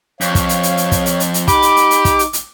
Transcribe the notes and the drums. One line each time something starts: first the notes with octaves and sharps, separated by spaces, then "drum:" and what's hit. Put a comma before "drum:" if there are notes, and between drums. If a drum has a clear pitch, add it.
F2 C#5 F5, drum: hi-hat
drum: kick, hi-hat
drum: hi-hat
drum: hi-hat
drum: hi-hat
drum: kick, hi-hat
drum: hi-hat
drum: hi-hat
drum: hi-hat
D#4 G4 B5 D6, drum: kick, hi-hat
drum: hi-hat
drum: hi-hat
drum: hi-hat
drum: kick, hi-hat
drum: hi-hat
drum: hi-hat